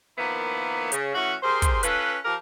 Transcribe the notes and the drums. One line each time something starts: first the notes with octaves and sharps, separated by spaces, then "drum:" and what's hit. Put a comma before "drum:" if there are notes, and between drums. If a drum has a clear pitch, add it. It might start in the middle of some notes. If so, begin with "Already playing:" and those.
D#3 F3 A#3 B3 E4
C#3, drum: hi-hat
E3 A3 C#4 F#4
G4 G#4 A#4 C5
drum: kick, hi-hat
C#4 F4 A4 B4, drum: hi-hat
F3 G4 A#4